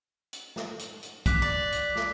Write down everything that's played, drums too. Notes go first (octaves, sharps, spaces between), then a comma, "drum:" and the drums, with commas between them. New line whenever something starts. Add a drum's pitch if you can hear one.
drum: hi-hat
drum: snare
drum: hi-hat
drum: hi-hat
D6 F#6 B6, drum: kick, hi-hat
D5
drum: hi-hat
drum: snare